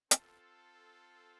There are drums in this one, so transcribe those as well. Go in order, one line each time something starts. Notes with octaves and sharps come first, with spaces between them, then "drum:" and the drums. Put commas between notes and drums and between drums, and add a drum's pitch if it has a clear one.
C4 F4 A4, drum: hi-hat